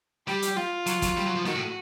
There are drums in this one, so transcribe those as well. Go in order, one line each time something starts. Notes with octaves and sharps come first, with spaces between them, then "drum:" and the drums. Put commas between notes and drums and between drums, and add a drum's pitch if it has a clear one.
G3 G4, drum: snare
drum: hi-hat
F4, drum: snare
F#3, drum: hi-hat
F#3, drum: kick, hi-hat
G3, drum: snare
F#3
F3
D#3 F#4, drum: snare
A2